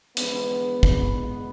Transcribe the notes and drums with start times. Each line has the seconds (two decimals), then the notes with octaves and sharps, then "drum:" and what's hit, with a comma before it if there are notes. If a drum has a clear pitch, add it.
0.17 E2 D3 F3 G#3 B3, drum: hi-hat
0.83 drum: kick